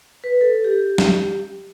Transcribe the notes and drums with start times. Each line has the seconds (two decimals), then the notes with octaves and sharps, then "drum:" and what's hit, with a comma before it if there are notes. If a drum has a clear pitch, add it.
0.24 B4
0.41 A4
0.65 G4
0.98 drum: snare